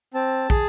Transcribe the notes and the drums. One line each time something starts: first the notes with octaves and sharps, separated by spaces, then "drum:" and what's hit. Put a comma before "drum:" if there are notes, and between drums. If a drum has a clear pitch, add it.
C4 A5
G#4, drum: kick